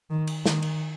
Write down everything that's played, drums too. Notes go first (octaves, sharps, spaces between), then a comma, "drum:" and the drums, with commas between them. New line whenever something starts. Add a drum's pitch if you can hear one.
D#3
drum: cymbal
D#3, drum: snare
drum: cymbal